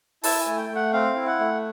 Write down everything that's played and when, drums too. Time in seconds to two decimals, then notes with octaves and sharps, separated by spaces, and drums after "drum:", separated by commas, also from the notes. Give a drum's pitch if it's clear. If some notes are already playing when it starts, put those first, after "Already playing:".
0.24 E4 A5, drum: open hi-hat
0.41 G#5
0.47 A3
0.58 G5
0.70 A3
0.76 F#5
0.93 C4 F5
1.15 E4
1.27 F#5
1.39 A3